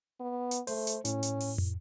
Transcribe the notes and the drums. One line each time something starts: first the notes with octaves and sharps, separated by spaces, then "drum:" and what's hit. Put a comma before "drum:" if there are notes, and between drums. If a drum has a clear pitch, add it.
B3
drum: hi-hat
A3 C5, drum: open hi-hat
drum: hi-hat
A2 C#4, drum: hi-hat
drum: hi-hat
drum: open hi-hat
drum: tom